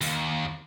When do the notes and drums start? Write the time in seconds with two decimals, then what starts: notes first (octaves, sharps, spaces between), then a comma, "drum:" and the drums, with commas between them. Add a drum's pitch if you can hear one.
0.01 D#2, drum: open hi-hat